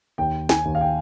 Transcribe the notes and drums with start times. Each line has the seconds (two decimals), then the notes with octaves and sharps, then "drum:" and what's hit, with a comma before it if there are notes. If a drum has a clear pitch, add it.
0.18 D#2 G5
0.49 G#5, drum: snare
0.65 D#2
0.75 F5
0.81 G5